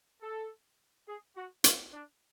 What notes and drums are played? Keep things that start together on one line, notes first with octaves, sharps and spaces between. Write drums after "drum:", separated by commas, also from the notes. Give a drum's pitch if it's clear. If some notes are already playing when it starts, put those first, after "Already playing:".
A4
G#4
F#4
F4, drum: hi-hat
D4